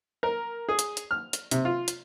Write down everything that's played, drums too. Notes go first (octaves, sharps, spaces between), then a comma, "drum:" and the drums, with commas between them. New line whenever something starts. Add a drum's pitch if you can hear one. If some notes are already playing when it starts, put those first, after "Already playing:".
A#4
G#4
drum: hi-hat
drum: hi-hat
F6
drum: hi-hat
C3, drum: hi-hat
F4
drum: hi-hat